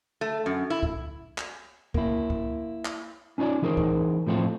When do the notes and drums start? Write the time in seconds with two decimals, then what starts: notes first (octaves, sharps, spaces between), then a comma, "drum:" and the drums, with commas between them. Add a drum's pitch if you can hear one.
0.21 A3
0.46 F#2
0.70 E4
0.83 drum: kick C#2
1.38 drum: clap
1.94 A#3 E4, drum: kick C#2
2.30 drum: kick C#2
2.85 drum: clap
3.38 C#4 D#4 F4 C#5 D5
3.62 E3 D#4 G#4 A#4 C5
3.77 drum: kick C#2
4.27 A2 F3 A3 C4 F4